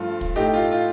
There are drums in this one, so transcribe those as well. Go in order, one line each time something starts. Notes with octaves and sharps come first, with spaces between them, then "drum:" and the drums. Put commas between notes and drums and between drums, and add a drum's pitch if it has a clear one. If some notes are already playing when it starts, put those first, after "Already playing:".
Already playing: G2 F3 A3 F4
drum: kick
A2 A3 D#4 G4
F4
F4